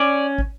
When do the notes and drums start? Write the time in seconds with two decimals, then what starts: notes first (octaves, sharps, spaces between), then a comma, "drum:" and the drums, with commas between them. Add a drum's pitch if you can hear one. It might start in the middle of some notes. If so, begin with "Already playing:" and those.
Already playing: C#4 D5
0.38 drum: kick